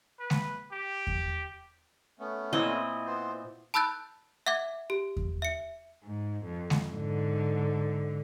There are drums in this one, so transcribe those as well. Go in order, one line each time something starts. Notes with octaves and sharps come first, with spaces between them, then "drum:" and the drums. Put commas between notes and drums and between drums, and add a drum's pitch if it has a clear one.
B4
drum: snare G#3
G4
drum: kick E2
A3 B3 C#4
A#2 C4 E4 D#5
B3 C5
A5 B5 E6 F#6 G6 A6
E5 F#5 D6 G#6
G4
drum: kick E2
E5 C#7
G#2
F2
drum: snare G#3
G#2 D3